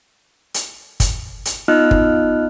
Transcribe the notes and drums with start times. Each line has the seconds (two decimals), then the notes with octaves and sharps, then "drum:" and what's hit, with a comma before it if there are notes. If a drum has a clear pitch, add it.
0.54 drum: hi-hat
1.00 drum: kick, hi-hat
1.45 drum: hi-hat
1.68 B3 D#4 F4 D#5 F6 F#6
1.91 drum: kick